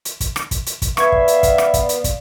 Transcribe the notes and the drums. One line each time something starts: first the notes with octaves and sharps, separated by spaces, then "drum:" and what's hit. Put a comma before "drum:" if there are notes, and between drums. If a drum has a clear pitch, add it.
drum: hi-hat
drum: kick, hi-hat
drum: rim click
drum: kick, hi-hat
drum: hi-hat
drum: kick, hi-hat
B3 D5 E5 F5 C#6 G#6, drum: rim click
drum: kick
drum: hi-hat
drum: kick, hi-hat
drum: rim click
drum: kick, hi-hat
drum: hi-hat
drum: kick, hi-hat